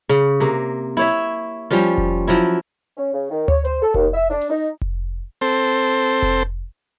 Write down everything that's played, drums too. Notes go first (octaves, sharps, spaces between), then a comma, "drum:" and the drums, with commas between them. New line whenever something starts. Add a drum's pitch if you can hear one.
C#3
C3 A#3
E4 C#5 E5, drum: tom A#3
F3 G3 C#4 F4, drum: hi-hat
drum: kick F1
F3 F#3 E4
C#4
C#3
D#3
C#5, drum: tom D2
C5, drum: hi-hat
A4
D#2, drum: kick F1
E5
D4
drum: open hi-hat
D#4
drum: kick F1
C4 A4 C5
drum: kick F1